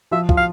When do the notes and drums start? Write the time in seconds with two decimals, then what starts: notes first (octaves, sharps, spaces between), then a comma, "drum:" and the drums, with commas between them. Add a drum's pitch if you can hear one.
0.11 F3 F4 E5
0.29 F3 F4, drum: kick
0.37 F5